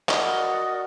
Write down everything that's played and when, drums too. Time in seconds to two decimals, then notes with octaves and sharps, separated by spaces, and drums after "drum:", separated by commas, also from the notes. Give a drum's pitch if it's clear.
0.09 F#4 A#4 D5 D#5, drum: clap